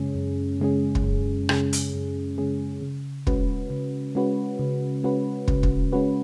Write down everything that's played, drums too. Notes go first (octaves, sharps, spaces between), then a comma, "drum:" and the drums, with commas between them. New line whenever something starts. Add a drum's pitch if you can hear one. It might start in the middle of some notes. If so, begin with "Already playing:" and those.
Already playing: F#2 C#3 G#3 C#4 G#4
F#2
C#3 G#3 C#4 G#4
drum: kick
F#2
C#3 G#3 C#4 G#4, drum: rim click
drum: hi-hat
F#2
C#3 G#3 C#4 G#4
C#3
G#3 C#4 F#4 B4, drum: kick
C#3
G#3 C#4 F#4 B4
C#3
G#3 C#4 F#4 B4
C#3, drum: kick
drum: kick
G#3 C#4 F#4 B4